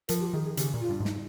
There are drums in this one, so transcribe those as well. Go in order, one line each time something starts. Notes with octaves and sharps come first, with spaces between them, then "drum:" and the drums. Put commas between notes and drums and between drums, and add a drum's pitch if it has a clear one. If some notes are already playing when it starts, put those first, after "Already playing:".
F3 A#4, drum: hi-hat
G4
D#3 G#4
G#4
C#3 G4, drum: hi-hat
A#2
F4
G2
G#2
D#4, drum: snare